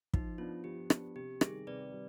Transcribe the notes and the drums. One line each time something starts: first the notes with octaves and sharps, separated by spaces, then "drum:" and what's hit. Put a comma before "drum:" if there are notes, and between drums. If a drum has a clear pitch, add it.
F3 D#4, drum: kick
B3 D4 F4
F3 G4
B3 D4, drum: rim click
C3 G4
D#3 G3 G#4, drum: rim click
C3 B4 D5
G3